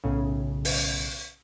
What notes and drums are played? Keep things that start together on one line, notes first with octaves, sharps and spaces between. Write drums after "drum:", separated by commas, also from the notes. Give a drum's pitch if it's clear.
B1 A2 C#3
drum: open hi-hat